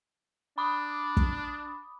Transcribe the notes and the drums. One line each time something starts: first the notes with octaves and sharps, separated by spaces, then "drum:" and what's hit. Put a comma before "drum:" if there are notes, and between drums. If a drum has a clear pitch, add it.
D4 B5 D6 D#6
drum: kick